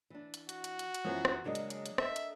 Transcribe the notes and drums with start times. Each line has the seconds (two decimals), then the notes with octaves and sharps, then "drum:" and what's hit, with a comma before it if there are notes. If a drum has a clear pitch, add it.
0.10 E3 D4
0.34 drum: hi-hat
0.49 F#4, drum: hi-hat
0.64 drum: hi-hat
0.79 drum: hi-hat
0.94 drum: hi-hat
1.05 F#2 E3 F3 C#5
1.25 drum: rim click
1.44 C#3 F#3 G#3 A#3 D4 D#5
1.55 drum: hi-hat
1.70 drum: hi-hat
1.86 drum: hi-hat
1.98 A4 E5, drum: rim click
2.16 drum: hi-hat